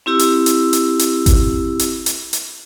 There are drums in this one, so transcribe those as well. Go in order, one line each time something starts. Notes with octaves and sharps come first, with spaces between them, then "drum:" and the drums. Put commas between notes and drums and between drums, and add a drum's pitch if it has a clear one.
C4 E4 G4 E6
drum: hi-hat
drum: hi-hat
drum: hi-hat
drum: hi-hat
drum: kick G#1, hi-hat
drum: hi-hat
drum: hi-hat
drum: hi-hat